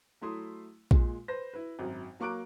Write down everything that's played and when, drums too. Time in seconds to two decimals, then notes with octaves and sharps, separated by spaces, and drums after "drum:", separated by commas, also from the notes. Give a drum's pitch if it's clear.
0.21 F#3 A3 E4 C6 D#6
0.91 A#2 G#3, drum: kick A#1
1.28 B4 C5 A#6
1.54 E4 B4
1.79 G#1 F#2
2.20 F#3 A#3 C#6 D6 F#6 D7